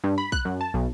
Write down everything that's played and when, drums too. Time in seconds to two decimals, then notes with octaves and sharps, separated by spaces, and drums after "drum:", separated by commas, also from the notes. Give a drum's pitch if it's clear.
0.04 G2
0.18 B5
0.32 F#6, drum: kick A#1
0.45 F#2
0.61 A5
0.74 B1